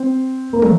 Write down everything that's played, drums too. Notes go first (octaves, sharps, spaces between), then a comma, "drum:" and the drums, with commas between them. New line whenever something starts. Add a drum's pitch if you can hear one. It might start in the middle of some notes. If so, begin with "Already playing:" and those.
Already playing: C4
A#3
A3, drum: tom